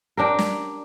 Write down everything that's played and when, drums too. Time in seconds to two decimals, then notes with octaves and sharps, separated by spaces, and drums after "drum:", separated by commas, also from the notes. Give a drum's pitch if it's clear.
0.17 D4 G4 A#4
0.39 drum: snare